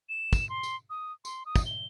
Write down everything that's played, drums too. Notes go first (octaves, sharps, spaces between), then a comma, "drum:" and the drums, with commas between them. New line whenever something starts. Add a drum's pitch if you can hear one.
E7
drum: kick, tambourine
C6
drum: tambourine
D#6
C6, drum: tambourine
D#6
drum: kick, tambourine
G7